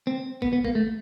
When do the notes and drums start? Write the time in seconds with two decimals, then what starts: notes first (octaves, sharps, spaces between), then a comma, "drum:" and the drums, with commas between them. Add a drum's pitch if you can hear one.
0.07 C4
0.42 B3, drum: kick
0.53 B3
0.65 A#3, drum: kick
0.75 A3